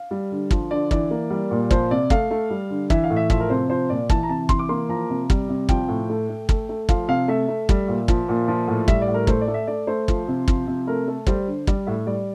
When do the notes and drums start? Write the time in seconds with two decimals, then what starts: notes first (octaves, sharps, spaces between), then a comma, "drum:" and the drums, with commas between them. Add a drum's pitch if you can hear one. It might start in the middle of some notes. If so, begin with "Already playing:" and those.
Already playing: F5
0.11 G3
0.32 D3
0.51 F3, drum: kick
0.71 D3 D5
0.91 E3 D5, drum: kick
1.11 A#3
1.30 G3
1.51 A#2
1.71 F3 C5, drum: kick
1.91 C3 D5
2.10 A3 F5, drum: kick
2.31 A3
2.50 G3
2.70 D3
2.90 E3 E5, drum: kick
3.04 F5
3.10 A2
3.16 E5
3.30 F3 E5, drum: kick
3.40 A#4
3.50 C3 C5
3.69 F3 C5
3.90 A#2 D5
4.10 E3 A5, drum: kick
4.23 A#5
4.29 C3 A5
4.49 E3 C6, drum: kick
4.59 D6
4.69 A#3 C6
4.89 F3 A#5
5.10 C3
5.30 G3, drum: kick
5.49 C3
5.69 F3 G5, drum: kick
5.88 A2
6.10 A3
6.29 A3
6.49 A3, drum: kick
6.69 A3
6.89 F3 F5, drum: kick
7.08 C3 F5
7.28 A3 E5
7.48 A3
7.69 G3, drum: kick
7.88 A#2
8.08 F3, drum: kick
8.29 A#2
8.48 F3
8.68 A2
8.88 G3 E5, drum: kick
9.02 D5
9.08 A2
9.14 A#4
9.27 A3 C5, drum: kick
9.41 D5
9.48 A3
9.54 E5
9.67 A3 D5
9.87 A3 C5
10.08 F3, drum: kick
10.28 C3
10.48 F3, drum: kick
10.67 C3
10.87 A3 A#4
11.07 A3 A4
11.27 G3 C5, drum: kick
11.47 D3
11.67 G3 D5, drum: kick
11.87 A2 E5
12.06 G3 D5